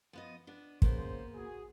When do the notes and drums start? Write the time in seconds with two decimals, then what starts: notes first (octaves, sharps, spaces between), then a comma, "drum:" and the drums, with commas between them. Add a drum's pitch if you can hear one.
0.13 F3 B3 D#5
0.47 B3 D4
0.82 C#3 A#3 B3 C5, drum: kick
1.34 F#4 G#4